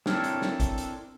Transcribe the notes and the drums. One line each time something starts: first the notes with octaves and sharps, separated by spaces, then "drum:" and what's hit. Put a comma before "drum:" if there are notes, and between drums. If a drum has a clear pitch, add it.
C4 D4 E4 A4 A#4 C#5, drum: snare
drum: hi-hat
drum: snare
drum: kick, hi-hat
drum: hi-hat